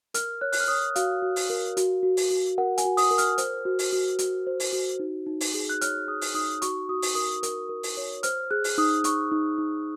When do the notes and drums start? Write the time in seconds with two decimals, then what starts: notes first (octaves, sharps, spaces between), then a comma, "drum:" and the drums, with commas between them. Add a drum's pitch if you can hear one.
0.14 A#4 F6, drum: hi-hat
0.41 C#5 F#6
0.52 F#6, drum: open hi-hat
0.60 F6
0.68 C#5 D#6
0.96 F#4 F5, drum: hi-hat
1.22 F#4
1.36 drum: open hi-hat
1.50 A#4
1.77 F#4, drum: hi-hat
2.03 F#4
2.17 drum: open hi-hat
2.30 F#4
2.58 A#4 F#5
2.78 G#5, drum: hi-hat
2.85 F#4
2.97 D#6, drum: open hi-hat
3.11 A#4
3.18 F6, drum: hi-hat
3.38 C5, drum: hi-hat
3.65 F#4
3.79 drum: open hi-hat
3.92 F#4
4.19 F#4, drum: hi-hat
4.47 C5
4.60 drum: open hi-hat
4.73 F#4
4.99 D#4
5.27 D#4
5.41 drum: open hi-hat
5.54 G#4
5.69 F#6
5.81 C#5 F6, drum: hi-hat
6.08 G#4 D#6
6.21 drum: open hi-hat
6.35 D#4 D#6
6.62 F#4 C#6, drum: hi-hat
6.89 F#4 D#6
7.02 drum: open hi-hat
7.15 A#4 D#6
7.43 A#4, drum: hi-hat
7.69 A#4
7.83 drum: open hi-hat
7.97 C#5
8.23 C5 F6, drum: hi-hat
8.51 G#4 F#6
8.64 drum: open hi-hat
8.78 D#4 D#6
9.04 D#4 C#6, drum: hi-hat
9.32 D#4
9.58 D#4